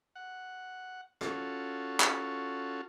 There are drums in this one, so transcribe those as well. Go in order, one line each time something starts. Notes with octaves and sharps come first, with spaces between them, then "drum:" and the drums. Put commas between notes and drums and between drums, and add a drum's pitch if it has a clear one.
F#5
C#4 F4 F#4 A4, drum: rim click
drum: clap